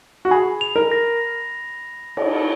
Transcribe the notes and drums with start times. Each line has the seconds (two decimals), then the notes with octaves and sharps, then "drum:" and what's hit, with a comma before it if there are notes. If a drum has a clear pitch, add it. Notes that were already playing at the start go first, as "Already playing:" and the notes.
0.25 F#4
0.31 G#4 B5
0.61 F7
0.76 A#4
0.92 A#6
2.17 drum: cymbal